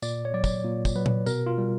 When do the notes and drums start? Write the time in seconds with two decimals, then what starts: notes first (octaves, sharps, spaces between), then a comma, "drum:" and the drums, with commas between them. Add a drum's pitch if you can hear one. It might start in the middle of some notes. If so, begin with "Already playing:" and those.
0.02 A#2 D5, drum: tambourine
0.25 C#5
0.34 F#3 D5
0.44 drum: kick, tambourine
0.64 A#2
0.85 drum: kick, tambourine
0.95 F#3 B4
1.06 drum: tom A#2
1.26 B2 A#4, drum: tambourine
1.46 F4
1.58 G3